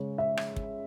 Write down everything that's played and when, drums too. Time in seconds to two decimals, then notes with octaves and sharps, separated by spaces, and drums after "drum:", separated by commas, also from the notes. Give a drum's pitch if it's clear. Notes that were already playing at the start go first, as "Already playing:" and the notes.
Already playing: C#3 G#3 C#5
0.18 E5
0.37 drum: rim click
0.56 drum: kick